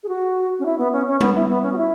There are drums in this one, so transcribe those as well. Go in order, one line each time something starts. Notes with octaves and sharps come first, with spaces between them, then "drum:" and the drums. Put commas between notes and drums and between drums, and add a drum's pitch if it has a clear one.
G#4
F#4
C#4
E4
B3
C#4
C#4
B3, drum: tom G3
E4
B3
C#4
F#4
E4